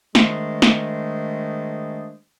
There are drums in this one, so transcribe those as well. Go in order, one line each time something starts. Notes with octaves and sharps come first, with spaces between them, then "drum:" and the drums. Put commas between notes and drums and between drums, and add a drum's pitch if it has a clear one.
D#3 G#3 A3 D4 G#4 C5, drum: snare
drum: snare